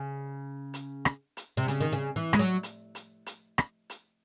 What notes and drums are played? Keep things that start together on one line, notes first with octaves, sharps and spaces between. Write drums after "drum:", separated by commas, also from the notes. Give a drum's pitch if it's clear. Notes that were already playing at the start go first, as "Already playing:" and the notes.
Already playing: C#3
drum: hi-hat
drum: rim click
drum: hi-hat
C3
C#3, drum: hi-hat
D#3
C#3
E3
G#3, drum: rim click
F#3
drum: hi-hat
drum: hi-hat
drum: hi-hat
drum: rim click
drum: hi-hat